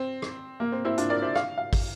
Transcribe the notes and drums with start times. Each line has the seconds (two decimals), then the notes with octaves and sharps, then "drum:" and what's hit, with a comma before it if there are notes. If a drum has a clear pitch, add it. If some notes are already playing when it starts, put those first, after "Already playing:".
Already playing: C4
0.22 drum: rim click
0.60 A#3
0.72 C4
0.85 C4 E4
0.98 D4 F4, drum: hi-hat
1.10 A#4 D5
1.22 C5 E5
1.35 F5, drum: rim click
1.58 F5
1.73 drum: kick, open hi-hat